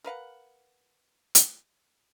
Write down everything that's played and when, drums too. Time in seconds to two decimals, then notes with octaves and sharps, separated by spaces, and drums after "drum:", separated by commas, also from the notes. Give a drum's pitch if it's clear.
0.04 A#4 B4 F5 F#5
1.35 drum: hi-hat